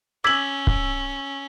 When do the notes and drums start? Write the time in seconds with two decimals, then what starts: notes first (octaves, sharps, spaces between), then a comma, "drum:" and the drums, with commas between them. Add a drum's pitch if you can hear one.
0.24 C#4 D6 E6 G#6 B6 F#7
0.67 drum: kick